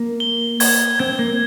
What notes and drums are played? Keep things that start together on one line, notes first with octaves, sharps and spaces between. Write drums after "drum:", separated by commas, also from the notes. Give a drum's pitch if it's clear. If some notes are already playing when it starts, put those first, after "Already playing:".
Already playing: A#3
G7
G#6, drum: open hi-hat
C4 G#6
A#3